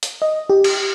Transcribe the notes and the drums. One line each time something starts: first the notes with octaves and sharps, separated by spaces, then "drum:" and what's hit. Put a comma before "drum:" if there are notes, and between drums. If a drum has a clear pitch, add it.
drum: hi-hat
D#5
G4
drum: cymbal